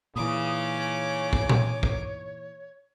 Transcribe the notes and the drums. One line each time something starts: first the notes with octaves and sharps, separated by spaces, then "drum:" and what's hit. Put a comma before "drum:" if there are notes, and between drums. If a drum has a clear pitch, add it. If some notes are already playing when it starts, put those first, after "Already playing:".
A#2 C#3 E3 D#4 D6 D#6
C#5
drum: kick
drum: tom A#2
drum: kick